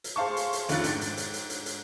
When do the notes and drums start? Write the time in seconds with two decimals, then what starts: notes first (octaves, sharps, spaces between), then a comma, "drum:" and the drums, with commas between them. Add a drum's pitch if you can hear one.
0.04 drum: hi-hat
0.16 G#4 C5 F5 A5 C#6
0.37 drum: hi-hat
0.53 drum: hi-hat
0.69 F1 D#3 C#4 F4 F#6 A6, drum: hi-hat
0.84 G#2 D4 G5, drum: hi-hat
1.01 drum: hi-hat
1.17 drum: hi-hat
1.34 drum: hi-hat
1.50 drum: hi-hat
1.66 drum: hi-hat